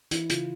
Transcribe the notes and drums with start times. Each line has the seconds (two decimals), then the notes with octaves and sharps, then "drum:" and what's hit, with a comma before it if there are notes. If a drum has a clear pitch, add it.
0.11 E3 E4, drum: hi-hat
0.30 C#3 F4, drum: hi-hat